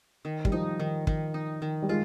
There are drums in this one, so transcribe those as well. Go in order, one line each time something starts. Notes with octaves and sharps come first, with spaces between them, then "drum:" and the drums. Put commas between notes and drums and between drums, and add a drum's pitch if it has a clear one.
D#3
G3, drum: kick
F3 D#4
D#3
D#3, drum: kick
D#4
D#3
G3
G#3 F4